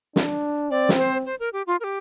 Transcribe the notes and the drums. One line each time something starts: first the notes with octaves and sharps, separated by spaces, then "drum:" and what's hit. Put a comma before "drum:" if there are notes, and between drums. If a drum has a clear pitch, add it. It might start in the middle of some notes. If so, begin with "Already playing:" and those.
D4, drum: snare
C4 D5
drum: snare
C5
C5
A#4
G4
F4
A#4
G4